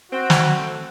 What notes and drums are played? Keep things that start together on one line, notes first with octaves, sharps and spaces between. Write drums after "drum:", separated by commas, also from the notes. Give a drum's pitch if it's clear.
C4 F#4
drum: snare
A3 C4